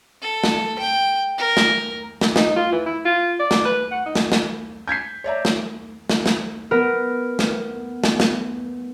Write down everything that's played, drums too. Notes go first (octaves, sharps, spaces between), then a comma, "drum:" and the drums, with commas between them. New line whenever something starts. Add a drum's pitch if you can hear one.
A4
drum: snare
G5
A#4
drum: snare
drum: snare
D#4, drum: snare
F4
E3
E4
F4
D5
drum: snare
B4
F#5
D#4
drum: snare
drum: snare
G6 G#6 B6 C7
C#5 D5 E5 A#5
drum: snare
drum: snare
drum: snare
B3 A#4
drum: snare
drum: snare
drum: snare